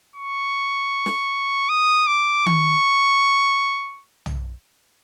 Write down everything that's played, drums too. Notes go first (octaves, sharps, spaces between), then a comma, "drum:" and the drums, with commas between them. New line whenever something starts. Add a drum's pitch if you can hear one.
C#6
drum: snare
D#6
D6
C#6, drum: tom D#3
drum: tom